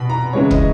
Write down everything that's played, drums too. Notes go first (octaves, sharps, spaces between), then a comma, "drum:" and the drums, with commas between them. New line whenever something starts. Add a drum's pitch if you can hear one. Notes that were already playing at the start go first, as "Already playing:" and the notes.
Already playing: B2 B5
A#5
C#3 E3 G#3 C#5
D#5, drum: kick